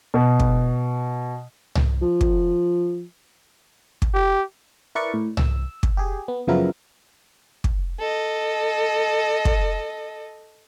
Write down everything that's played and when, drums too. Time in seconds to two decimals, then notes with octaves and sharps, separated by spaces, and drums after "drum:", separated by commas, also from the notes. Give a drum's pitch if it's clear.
0.14 B2
0.40 drum: kick
1.75 drum: tom C2
2.02 F3
2.21 drum: kick
4.02 drum: kick
4.14 G4
4.95 E4 A#4 B4 D5 C#6
5.14 A2
5.37 E6, drum: tom C2
5.83 drum: kick
5.97 G4 G#4
6.28 B3
6.47 F#2 C#3 F3 B3 E4 A#4
7.64 drum: kick
8.00 A4 D#5
9.45 drum: kick